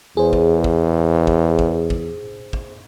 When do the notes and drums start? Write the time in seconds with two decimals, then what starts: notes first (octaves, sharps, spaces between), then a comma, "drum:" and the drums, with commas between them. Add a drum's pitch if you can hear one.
0.17 E2 G#4 C5
0.33 drum: kick
0.64 drum: kick
1.27 drum: kick
1.59 drum: kick
1.90 drum: kick
2.53 drum: kick